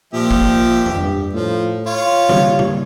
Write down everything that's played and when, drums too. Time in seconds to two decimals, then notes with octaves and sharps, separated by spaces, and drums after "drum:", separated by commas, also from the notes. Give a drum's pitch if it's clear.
0.13 A#2 F3 G4 E5
0.31 drum: kick
0.86 drum: tom F2
0.97 G2
1.33 A2 F3
1.86 F4 C#5
2.29 G3, drum: tom C#3
2.59 drum: tom C#3